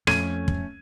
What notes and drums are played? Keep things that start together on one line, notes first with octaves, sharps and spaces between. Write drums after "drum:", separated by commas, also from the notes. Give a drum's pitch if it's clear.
F2 A3 C#4 G#6 D#7, drum: rim click
drum: kick